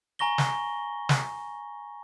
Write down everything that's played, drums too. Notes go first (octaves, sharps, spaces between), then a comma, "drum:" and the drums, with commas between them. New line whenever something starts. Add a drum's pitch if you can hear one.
G#5 A#5 C#6 A#6 G7
drum: snare
drum: snare